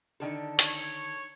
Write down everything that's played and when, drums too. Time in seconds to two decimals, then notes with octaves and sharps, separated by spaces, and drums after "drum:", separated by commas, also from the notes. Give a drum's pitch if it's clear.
0.20 D3 D#3 A4
0.59 C#5, drum: hi-hat